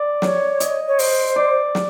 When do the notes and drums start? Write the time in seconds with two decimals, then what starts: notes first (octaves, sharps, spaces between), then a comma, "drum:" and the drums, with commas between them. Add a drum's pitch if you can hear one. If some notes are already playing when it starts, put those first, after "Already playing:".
Already playing: D5
0.22 C#5, drum: snare
0.60 D#5, drum: hi-hat
0.87 C#5
0.99 C5, drum: open hi-hat
1.36 D5
1.75 drum: snare